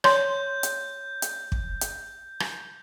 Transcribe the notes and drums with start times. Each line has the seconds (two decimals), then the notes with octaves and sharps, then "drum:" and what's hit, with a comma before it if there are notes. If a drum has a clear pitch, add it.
0.04 C#5 C6 G6, drum: rim click
0.63 drum: hi-hat
1.22 drum: hi-hat
1.52 drum: kick
1.81 drum: hi-hat
2.40 drum: rim click